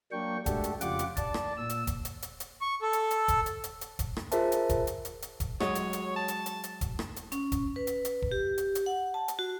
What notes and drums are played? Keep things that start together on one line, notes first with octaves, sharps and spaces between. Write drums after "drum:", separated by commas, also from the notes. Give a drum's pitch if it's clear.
F#3 A#3 D4 G5 C#6
G#3 A3 D4 F#4 G4 A4, drum: kick E1, hi-hat
drum: hi-hat
F2 C#3 F4 G4 F#5 D6, drum: hi-hat
drum: hi-hat
D5 A5, drum: kick E1, hi-hat
drum: rim click
A#2 E6
drum: hi-hat
drum: kick E1, hi-hat
drum: hi-hat
drum: hi-hat
drum: hi-hat
C#6
A4
drum: hi-hat
drum: hi-hat
drum: kick E1, hi-hat
drum: hi-hat
drum: hi-hat
drum: hi-hat
drum: kick E1, hi-hat
drum: rim click
F4 G#4 A#4 C5 E5 A5, drum: hi-hat
drum: hi-hat
drum: kick E1, hi-hat
drum: hi-hat
drum: hi-hat
drum: hi-hat
drum: kick E1, hi-hat
F#3 G#3 C#5, drum: rim click
drum: hi-hat
drum: hi-hat
A5
drum: hi-hat
drum: hi-hat
drum: hi-hat
drum: kick E1, hi-hat
drum: rim click
drum: hi-hat
C#4, drum: hi-hat
drum: kick E1, hi-hat
B4
drum: hi-hat
drum: hi-hat
drum: kick E1
G4
drum: hi-hat
drum: hi-hat
F#5
A5
drum: hi-hat
F#4